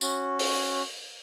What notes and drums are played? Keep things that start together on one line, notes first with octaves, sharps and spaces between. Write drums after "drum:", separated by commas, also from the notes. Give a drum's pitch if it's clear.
C#4 F#4, drum: tambourine
drum: open hi-hat